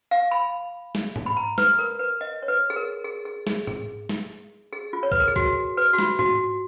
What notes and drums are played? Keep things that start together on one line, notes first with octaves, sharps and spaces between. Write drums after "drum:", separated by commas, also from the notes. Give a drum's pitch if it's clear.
F5
B5
drum: snare
drum: tom G#2
B5
A#5
B4, drum: snare
A#4
B4
D#5
C#5
B4
G#4
A#4
G#4
G#4
G#4, drum: snare
G#4, drum: tom G#2
drum: snare
G#4
F4
C#5
B4, drum: kick
A#4
G#4
F#4, drum: kick
B4
F#4
F4, drum: snare
F#4, drum: tom G#2